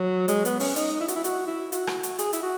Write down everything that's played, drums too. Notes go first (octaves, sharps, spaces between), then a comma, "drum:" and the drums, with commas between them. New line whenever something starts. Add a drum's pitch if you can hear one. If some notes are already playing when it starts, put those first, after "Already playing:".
Already playing: F#3
G#3, drum: hi-hat
B3, drum: hi-hat
C#4, drum: open hi-hat
D#4, drum: hi-hat
E4
F#4, drum: hi-hat
E4
F#4, drum: hi-hat
E4
F#4, drum: hi-hat
drum: rim click
drum: hi-hat
G#4, drum: hi-hat
E4, drum: hi-hat
F#4